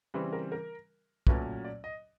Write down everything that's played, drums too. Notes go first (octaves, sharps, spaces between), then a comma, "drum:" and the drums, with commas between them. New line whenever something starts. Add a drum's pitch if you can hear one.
C#3 E3 G3 C4 B4
A#4
A#4
A#2 F#3 A3 C#4 B4, drum: kick
D5
D#5